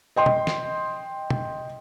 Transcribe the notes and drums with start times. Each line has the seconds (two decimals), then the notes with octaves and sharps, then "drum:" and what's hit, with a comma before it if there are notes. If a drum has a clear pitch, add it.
0.16 D#5 G5 C6
0.26 drum: tom
0.47 drum: snare
1.30 drum: tom